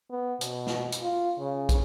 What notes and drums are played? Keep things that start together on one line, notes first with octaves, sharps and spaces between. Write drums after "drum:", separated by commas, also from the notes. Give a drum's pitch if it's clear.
B3
B2, drum: hi-hat
drum: snare
drum: hi-hat
F4
C#3
drum: kick, hi-hat